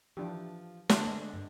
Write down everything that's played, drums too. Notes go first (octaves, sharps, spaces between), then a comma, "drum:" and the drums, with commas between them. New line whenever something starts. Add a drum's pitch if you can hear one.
E3 F3 D4 G4
D3 E5, drum: snare
G#3 D5 D#5
G2